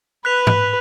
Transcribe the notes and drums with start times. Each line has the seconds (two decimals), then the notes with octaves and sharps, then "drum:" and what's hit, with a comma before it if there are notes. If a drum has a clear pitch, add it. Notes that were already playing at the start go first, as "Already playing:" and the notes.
0.25 B4 F#6 B6 F7
0.47 drum: tom G#2